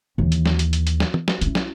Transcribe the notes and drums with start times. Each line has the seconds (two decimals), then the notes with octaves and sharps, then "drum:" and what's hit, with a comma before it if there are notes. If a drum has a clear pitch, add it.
0.18 D#2 E3
0.32 drum: hi-hat
0.46 drum: snare
0.59 drum: hi-hat
0.73 drum: hi-hat
0.87 drum: hi-hat
1.00 drum: snare
1.14 drum: tom
1.28 drum: snare
1.41 C#4 E4, drum: hi-hat
1.55 drum: snare